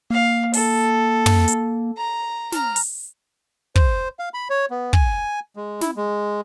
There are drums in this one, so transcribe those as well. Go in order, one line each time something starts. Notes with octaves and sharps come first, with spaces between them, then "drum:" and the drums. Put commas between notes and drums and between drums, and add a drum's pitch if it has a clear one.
A#3 F5
A4, drum: open hi-hat
drum: tom
drum: hi-hat
A#5
A#5 F6, drum: snare
drum: open hi-hat
C5, drum: kick
F5
B5
C#5
B3
G#5, drum: kick
G#3
E4, drum: snare
G#3